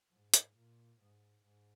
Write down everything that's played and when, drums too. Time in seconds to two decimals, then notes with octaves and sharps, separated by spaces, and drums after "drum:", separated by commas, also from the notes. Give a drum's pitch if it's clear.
0.10 G#2
0.34 drum: hi-hat
0.55 A#2
0.99 G#2
1.44 G#2